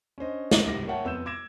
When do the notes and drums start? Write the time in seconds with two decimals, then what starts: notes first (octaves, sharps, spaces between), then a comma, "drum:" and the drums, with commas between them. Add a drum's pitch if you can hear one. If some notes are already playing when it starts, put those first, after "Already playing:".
0.18 C#4 D4 C5 D#5
0.51 drum: snare
0.64 C#2 G3 D6 A#6
0.87 A#4 C#5 E5 F#5 G5 A5
1.04 F2 B3 E6 G6 E7
1.26 D6 E6 G#6 A#6 D7 E7